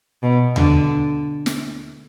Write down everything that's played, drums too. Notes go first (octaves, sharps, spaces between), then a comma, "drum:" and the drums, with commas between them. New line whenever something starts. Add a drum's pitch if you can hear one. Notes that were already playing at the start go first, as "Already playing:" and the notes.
B2
D3, drum: tom D#2
drum: snare